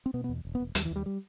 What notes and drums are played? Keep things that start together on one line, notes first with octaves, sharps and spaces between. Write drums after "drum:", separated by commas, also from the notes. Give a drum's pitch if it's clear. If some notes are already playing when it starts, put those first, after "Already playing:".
C4
B2 B3
B3
E2
E1
B3
E1
D#2 G3, drum: hi-hat
E3
D#2 G3
G3